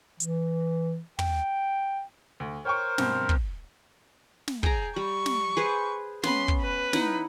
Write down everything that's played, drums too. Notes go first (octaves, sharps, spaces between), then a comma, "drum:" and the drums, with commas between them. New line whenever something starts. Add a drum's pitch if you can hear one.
E3, drum: hi-hat
G5, drum: tom
D2
A#4 C5 C#5 G5 C#6
G2 B2 C4, drum: snare
drum: kick
drum: snare
G#4 G5 A#5, drum: kick
G3 C#6
drum: snare
G#4 B4 C5
B3 C#4 B5 C6, drum: snare
drum: kick
B4
D#4 E4 F#5, drum: snare